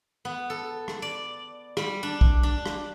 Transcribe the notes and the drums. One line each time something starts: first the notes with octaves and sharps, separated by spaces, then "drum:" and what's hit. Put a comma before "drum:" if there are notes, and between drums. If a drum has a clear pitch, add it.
B3
A4
drum: rim click
D5
G3, drum: rim click
D4
drum: kick
D4
drum: rim click